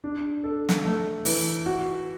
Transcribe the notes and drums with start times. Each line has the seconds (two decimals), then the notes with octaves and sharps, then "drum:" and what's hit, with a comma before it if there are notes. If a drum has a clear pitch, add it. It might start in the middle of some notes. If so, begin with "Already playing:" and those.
0.04 D4
0.44 A4
0.69 drum: snare
0.85 A3
1.25 E3, drum: open hi-hat
1.66 F#4